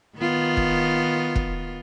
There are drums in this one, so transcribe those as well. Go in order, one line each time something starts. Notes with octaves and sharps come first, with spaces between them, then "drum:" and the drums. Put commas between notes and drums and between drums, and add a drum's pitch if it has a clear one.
D#3 B3 F4
drum: kick
drum: kick